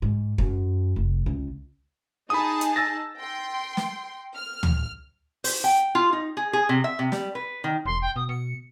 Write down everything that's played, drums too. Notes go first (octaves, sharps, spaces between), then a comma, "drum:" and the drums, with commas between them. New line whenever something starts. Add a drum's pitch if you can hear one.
G#2
F#2, drum: kick
F1
C#2
D#4 G#4 A5 B5 D#6
drum: hi-hat
E6 A6 A#6
G5 C6
drum: snare
F6
drum: tom D2
C5, drum: open hi-hat
G5
F4
D#4
G#4
G#4
C3
E5
C3
G3, drum: snare
B4
D#3
E1 C6
G5
B2 D#6
B2 C#7